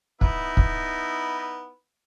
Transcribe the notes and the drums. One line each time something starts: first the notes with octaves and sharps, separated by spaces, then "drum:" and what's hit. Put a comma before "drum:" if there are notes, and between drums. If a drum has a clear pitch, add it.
B3 D#4 E4, drum: kick
drum: kick